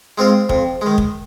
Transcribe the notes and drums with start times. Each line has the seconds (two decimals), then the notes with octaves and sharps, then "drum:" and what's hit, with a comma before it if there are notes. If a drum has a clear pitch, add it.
0.18 G#3 C4 F4
0.49 F2, drum: kick
0.81 D#3 G#3
0.98 drum: kick